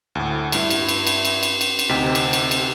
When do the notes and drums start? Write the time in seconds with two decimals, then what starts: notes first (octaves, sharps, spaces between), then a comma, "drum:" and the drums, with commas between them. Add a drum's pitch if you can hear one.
0.15 D2 A2
0.52 G2 E4, drum: cymbal
0.70 drum: cymbal
0.89 drum: cymbal
1.07 drum: cymbal
1.25 drum: cymbal
1.43 drum: cymbal
1.61 drum: cymbal
1.79 drum: cymbal
1.89 D2 C3 C4 D#4 G5 B6
2.15 drum: cymbal
2.33 drum: cymbal
2.51 drum: cymbal